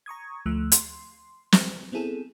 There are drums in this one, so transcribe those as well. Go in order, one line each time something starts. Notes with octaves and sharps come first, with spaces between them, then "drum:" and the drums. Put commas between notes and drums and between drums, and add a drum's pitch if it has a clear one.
A#5 C#6 D#6 G#6
D2 F3 A3 E6 F#6
C6, drum: hi-hat
drum: snare
B3 C4 E4 G#4 A4